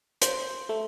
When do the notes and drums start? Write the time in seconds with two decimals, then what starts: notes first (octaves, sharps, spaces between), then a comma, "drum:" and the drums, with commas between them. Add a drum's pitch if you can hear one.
0.21 C5, drum: hi-hat
0.69 A3